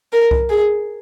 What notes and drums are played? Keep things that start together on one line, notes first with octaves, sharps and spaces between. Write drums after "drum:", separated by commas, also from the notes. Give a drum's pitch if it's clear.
A#4
drum: kick C2
G#4